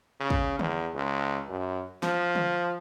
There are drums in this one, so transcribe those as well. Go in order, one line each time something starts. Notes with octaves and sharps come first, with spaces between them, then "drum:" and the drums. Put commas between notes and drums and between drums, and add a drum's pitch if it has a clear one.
C#3
drum: kick
E2, drum: tom D3
C#2
F#2
F3, drum: snare
drum: tom D3